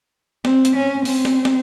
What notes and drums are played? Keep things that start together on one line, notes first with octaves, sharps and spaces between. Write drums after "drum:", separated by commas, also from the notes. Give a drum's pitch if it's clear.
C4, drum: snare
drum: hi-hat
C#4
C4, drum: open hi-hat
drum: snare
drum: snare